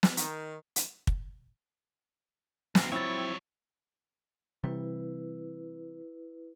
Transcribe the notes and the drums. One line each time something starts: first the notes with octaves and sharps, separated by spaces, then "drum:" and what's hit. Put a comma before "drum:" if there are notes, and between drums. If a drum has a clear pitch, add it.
drum: snare
D#3, drum: hi-hat
drum: hi-hat
drum: kick
D2 C4 F5 G#5 A#5, drum: snare
F3 F#3 C4 E4 C#5 G5 B5 A6
C3 E3 G3 E4 B4